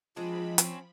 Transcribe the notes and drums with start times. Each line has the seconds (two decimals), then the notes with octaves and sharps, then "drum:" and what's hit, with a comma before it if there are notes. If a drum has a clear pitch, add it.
0.16 F3 G#3 C4 D4 F4 B5
0.58 C4 C#4, drum: hi-hat